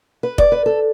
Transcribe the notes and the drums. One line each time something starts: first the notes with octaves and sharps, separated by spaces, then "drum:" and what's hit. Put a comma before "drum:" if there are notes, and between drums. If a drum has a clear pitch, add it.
B4
D5, drum: kick F1
B4
A4